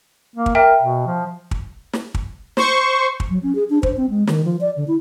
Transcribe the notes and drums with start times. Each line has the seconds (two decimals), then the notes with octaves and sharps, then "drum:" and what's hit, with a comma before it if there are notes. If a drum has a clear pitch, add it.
0.36 A#3
0.46 drum: kick
0.55 A#4 E5 G5
0.82 B2
1.07 F3
1.51 drum: kick
1.93 drum: snare
2.14 drum: kick
2.57 C5 C#6, drum: snare
3.20 drum: kick
3.30 F#3
3.43 C#4
3.55 G#4
3.70 D4
3.83 C5, drum: kick
3.97 C4
4.10 G#3
4.27 D#3, drum: snare
4.45 F3
4.61 D5
4.77 D3
4.88 E4